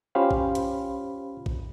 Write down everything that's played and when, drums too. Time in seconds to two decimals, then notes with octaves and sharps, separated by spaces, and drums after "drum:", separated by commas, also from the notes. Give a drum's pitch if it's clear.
0.15 C#4 F4 G4 C5 F5 B5
0.31 drum: kick A#1
0.55 drum: hi-hat
1.46 drum: kick A#1